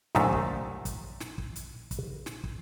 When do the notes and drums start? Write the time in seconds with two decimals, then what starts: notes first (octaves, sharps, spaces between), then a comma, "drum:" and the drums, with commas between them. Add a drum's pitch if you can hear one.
0.15 C2 F#2 A#2 D#3 A3, drum: snare
0.32 drum: kick
0.85 drum: kick, hi-hat
1.20 drum: snare
1.38 drum: kick
1.56 drum: hi-hat
1.91 drum: kick, hi-hat
2.26 drum: snare
2.44 drum: kick